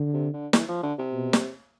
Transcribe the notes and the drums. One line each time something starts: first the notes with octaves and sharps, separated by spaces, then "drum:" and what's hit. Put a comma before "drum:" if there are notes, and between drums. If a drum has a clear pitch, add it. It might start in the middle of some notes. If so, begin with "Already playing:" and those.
Already playing: D3
C3
D3
E3, drum: snare
F3
D3
C3
B2
drum: snare